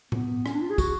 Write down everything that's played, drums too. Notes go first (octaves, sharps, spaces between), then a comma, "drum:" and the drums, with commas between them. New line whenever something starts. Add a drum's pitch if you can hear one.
B3, drum: tom A2
C#4, drum: rim click
D4
F4
G#4
F#4, drum: kick, tambourine